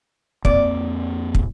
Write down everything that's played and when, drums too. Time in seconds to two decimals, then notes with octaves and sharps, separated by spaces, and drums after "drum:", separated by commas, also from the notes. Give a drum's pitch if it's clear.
0.45 F2 A#3 C4 D5, drum: kick
1.35 drum: kick